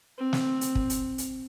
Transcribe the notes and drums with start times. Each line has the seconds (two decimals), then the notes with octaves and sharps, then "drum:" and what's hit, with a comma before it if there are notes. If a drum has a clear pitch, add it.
0.18 C4
0.33 drum: snare
0.61 drum: hi-hat
0.75 drum: kick
0.90 drum: hi-hat
1.18 drum: hi-hat